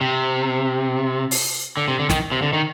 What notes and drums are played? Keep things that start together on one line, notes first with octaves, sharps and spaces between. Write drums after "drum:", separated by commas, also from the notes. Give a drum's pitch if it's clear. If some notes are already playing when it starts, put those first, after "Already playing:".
C3
drum: open hi-hat
D3
C3
D3
D#3, drum: snare
C3
D3
D#3